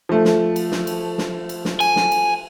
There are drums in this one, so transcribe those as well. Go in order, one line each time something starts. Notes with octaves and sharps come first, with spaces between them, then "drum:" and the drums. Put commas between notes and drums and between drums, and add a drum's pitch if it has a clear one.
F3 A3
drum: snare
drum: cymbal
drum: snare
drum: cymbal
drum: snare
drum: cymbal
drum: snare
G#5, drum: cymbal
drum: snare
drum: cymbal